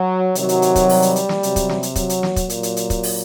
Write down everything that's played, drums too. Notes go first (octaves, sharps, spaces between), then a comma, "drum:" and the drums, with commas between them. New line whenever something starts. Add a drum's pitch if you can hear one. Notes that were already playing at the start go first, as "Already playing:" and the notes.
Already playing: F#3
C3 D#3 F#3, drum: hi-hat
drum: hi-hat
drum: hi-hat
drum: kick, hi-hat
G3, drum: open hi-hat
drum: hi-hat
drum: hi-hat
drum: snare
C3 F#3, drum: hi-hat
drum: kick, hi-hat
drum: snare
drum: hi-hat
F#3, drum: kick, hi-hat
drum: hi-hat
drum: snare
drum: kick, hi-hat
A#2 F#3, drum: hi-hat
drum: hi-hat
drum: hi-hat
drum: kick, hi-hat
drum: open hi-hat